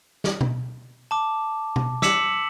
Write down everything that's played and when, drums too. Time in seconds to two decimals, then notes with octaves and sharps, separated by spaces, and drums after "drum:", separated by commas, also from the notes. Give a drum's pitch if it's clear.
0.24 drum: snare
0.41 drum: tom B2
1.11 A5 D6
1.76 drum: tom B2
2.02 D6 E6 B6 C#7 E7 F#7, drum: snare